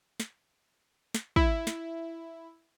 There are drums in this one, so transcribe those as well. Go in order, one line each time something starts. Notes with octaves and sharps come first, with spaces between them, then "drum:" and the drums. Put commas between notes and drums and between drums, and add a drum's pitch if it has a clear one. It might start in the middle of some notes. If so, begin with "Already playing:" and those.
drum: snare
drum: snare
E4, drum: kick
drum: snare